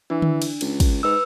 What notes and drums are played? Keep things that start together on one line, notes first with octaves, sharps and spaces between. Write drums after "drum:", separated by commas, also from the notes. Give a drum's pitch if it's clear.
E3 D4
drum: tom D3
drum: cymbal
C#2, drum: cymbal
drum: kick, cymbal
G#2 B4 E6